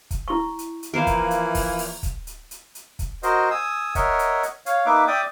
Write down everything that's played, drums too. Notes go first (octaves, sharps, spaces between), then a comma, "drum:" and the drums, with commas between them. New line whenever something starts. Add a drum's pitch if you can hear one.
drum: kick, hi-hat
E4 C#6
drum: hi-hat
drum: hi-hat
E3 F3 A#3 A#4 C5 E5 F5
drum: kick, hi-hat
drum: hi-hat
drum: kick, open hi-hat
drum: open hi-hat
drum: kick, hi-hat
drum: hi-hat
drum: hi-hat
drum: hi-hat
drum: kick, hi-hat
F#4 A#4 C5 D#5, drum: hi-hat
G#5 D#6 E6
A#4 C#5 D#5 E5 F#5, drum: kick, hi-hat
drum: hi-hat
drum: hi-hat
C#5 F5, drum: hi-hat
A#3 D#4 B4 E5 D6
D5 E5 G5 D6 D#6